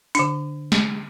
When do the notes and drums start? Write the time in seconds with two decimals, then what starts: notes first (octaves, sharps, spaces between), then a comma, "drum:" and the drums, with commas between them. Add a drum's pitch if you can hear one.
0.15 D3 D4, drum: hi-hat
0.72 drum: snare